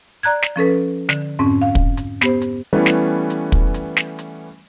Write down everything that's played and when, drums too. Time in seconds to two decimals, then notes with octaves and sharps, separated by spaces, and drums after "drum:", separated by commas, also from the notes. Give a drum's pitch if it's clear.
0.23 D5 A#5 F#6 G#6
0.42 drum: snare
0.56 F3 C#4 A4 B4
1.09 D3, drum: snare
1.39 F2 G#2 C4 C#4
1.62 F5
1.75 drum: kick
1.97 drum: hi-hat
2.21 B3 G4 C5, drum: snare
2.42 drum: hi-hat
2.73 E3 G3 A3 B3 C#4
2.86 drum: snare
3.30 drum: hi-hat
3.52 drum: kick
3.74 drum: hi-hat
3.96 drum: snare
4.19 drum: hi-hat